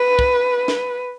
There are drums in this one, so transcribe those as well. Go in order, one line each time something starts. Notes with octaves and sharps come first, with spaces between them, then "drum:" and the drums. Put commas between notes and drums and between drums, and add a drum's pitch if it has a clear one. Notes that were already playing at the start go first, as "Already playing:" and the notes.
Already playing: B4
drum: kick
drum: snare